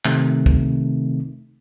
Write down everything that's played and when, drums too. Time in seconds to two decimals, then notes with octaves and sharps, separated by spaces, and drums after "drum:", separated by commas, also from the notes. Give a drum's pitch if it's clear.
0.05 C3 D#3 A3 C4 D#4, drum: clap
0.46 drum: kick